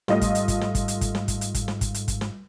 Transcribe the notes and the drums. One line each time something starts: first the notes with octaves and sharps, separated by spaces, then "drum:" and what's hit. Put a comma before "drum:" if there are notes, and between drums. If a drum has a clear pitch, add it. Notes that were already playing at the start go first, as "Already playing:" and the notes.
G#2 G3 A3 F4 D#5, drum: snare
drum: kick, hi-hat
drum: hi-hat
drum: kick, hi-hat
drum: snare
drum: kick, hi-hat
drum: hi-hat
drum: kick, hi-hat
drum: snare
drum: kick, hi-hat
drum: hi-hat
drum: kick, hi-hat
drum: snare
drum: kick, hi-hat
drum: hi-hat
drum: kick, hi-hat
drum: snare